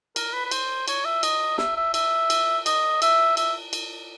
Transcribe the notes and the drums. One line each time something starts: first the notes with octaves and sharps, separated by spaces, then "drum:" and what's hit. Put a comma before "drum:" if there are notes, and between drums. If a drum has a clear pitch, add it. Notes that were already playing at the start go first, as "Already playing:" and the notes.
A#4, drum: cymbal
B4
B4
C5, drum: cymbal
C#5, drum: cymbal
E5
D#5, drum: cymbal
E5, drum: snare
E5
E5, drum: cymbal
drum: cymbal
D#5, drum: cymbal
E5, drum: cymbal
E5, drum: cymbal
drum: cymbal